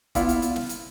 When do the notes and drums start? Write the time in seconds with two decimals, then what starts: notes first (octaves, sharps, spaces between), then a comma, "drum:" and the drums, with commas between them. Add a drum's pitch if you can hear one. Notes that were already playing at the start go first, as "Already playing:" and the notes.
0.15 B3 E4 F4 D5, drum: kick, hi-hat
0.29 drum: hi-hat
0.42 drum: hi-hat
0.56 drum: snare
0.69 drum: hi-hat